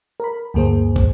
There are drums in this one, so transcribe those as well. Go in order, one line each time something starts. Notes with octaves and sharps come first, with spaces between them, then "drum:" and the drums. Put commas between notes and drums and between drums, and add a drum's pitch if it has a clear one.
A#4 B5
D2 G2 A#3 G#4 C5
drum: kick